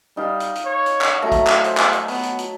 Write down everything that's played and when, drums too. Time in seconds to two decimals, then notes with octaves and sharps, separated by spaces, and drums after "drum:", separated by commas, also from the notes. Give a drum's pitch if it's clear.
0.17 G3 D#4 F5
0.40 drum: hi-hat
0.55 drum: hi-hat
0.65 C#5
0.86 drum: hi-hat
1.01 drum: clap
1.22 F#3 A3 A#5
1.32 drum: kick, hi-hat
1.47 drum: clap
1.64 C5, drum: hi-hat
1.78 drum: clap
1.93 drum: hi-hat
2.08 B3, drum: open hi-hat
2.23 drum: hi-hat
2.39 drum: hi-hat